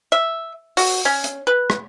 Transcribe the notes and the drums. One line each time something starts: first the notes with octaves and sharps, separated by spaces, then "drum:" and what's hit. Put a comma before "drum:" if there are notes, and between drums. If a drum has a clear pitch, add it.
E5
F#4, drum: open hi-hat
C#4
drum: hi-hat
B4
drum: rim click